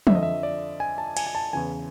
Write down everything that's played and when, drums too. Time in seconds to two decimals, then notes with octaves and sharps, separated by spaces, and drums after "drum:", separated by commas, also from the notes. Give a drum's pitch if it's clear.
0.07 F2 D3 F3 E5, drum: tom
0.15 D#5
0.23 E5
0.43 D5
0.80 G#5
0.98 A5
1.17 G#5, drum: cymbal
1.27 G#5
1.35 A5
1.53 E2 C#3 E3 G#5